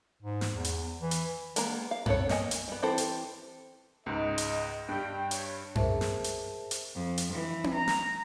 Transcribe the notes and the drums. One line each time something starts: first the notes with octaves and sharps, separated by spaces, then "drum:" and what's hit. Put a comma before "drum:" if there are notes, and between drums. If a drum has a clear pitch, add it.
G#2
drum: snare
E2
drum: hi-hat
E3
drum: hi-hat
G#3 A#3 B3 A#5, drum: hi-hat
F5
B3 C4 A4 C#5, drum: tom F#2
A#3 D#5 G#5, drum: snare
drum: hi-hat
G3 B3
E3 C4 G4 A4 C5
drum: hi-hat
C#2 G#2 D#5
drum: hi-hat
G2 G3 G5
C#5, drum: hi-hat
G#4 A#4 C5 E5 A5, drum: tom F#2
drum: snare
drum: hi-hat
drum: hi-hat
F2
drum: hi-hat
E3
drum: tom C4
A#5
drum: snare